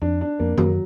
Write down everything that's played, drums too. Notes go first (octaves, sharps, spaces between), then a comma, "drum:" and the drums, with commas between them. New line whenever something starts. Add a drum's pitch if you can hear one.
F2 D4
D4
F2 A#3
F#2 F#3, drum: tom D#3